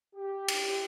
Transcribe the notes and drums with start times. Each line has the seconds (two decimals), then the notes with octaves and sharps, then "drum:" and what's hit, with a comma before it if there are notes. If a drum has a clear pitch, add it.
0.15 G4
0.48 drum: cymbal